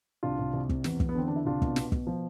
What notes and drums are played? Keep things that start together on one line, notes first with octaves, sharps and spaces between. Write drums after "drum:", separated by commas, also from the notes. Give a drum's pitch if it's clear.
C2 D4 F4
C2
C2
C3, drum: kick
E2, drum: snare
E2, drum: kick
B3
D3 C4
D3 D4
E4
C2 D4 F4
B2, drum: kick
B2, drum: snare
B2, drum: kick
F3